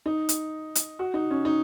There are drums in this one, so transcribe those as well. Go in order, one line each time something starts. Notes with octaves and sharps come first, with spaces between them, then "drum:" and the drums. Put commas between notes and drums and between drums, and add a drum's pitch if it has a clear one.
D#4
drum: hi-hat
drum: hi-hat
F#4
D#4
C#4
D#4